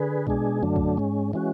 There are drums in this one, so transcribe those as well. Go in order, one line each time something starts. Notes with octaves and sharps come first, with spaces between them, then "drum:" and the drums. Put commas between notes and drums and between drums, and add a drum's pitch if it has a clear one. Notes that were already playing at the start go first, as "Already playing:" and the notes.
Already playing: D3 G#4 B4
B2 G#3 D4 G#4, drum: kick
F#2 D3 F#3 A3 D4
drum: kick
G#2 G#3 C#4
E3 G#3 C#4 F#4